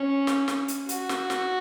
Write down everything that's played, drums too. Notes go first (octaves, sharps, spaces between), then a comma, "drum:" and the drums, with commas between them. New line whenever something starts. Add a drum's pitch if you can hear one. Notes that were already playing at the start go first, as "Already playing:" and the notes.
Already playing: C#4
drum: snare
drum: snare
drum: hi-hat
F#4, drum: hi-hat
drum: snare
drum: snare